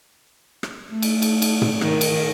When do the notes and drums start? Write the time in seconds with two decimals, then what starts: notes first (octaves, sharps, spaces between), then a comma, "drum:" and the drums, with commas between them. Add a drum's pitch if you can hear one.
0.63 drum: rim click
0.90 A3
1.02 drum: cymbal
1.22 drum: cymbal
1.42 drum: cymbal
1.62 drum: tom
1.81 D#3, drum: rim click
2.01 drum: cymbal